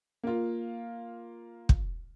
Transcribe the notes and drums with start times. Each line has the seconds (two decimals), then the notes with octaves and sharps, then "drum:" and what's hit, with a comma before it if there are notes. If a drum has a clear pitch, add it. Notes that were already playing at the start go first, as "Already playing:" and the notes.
0.23 A#3 F4
1.69 drum: kick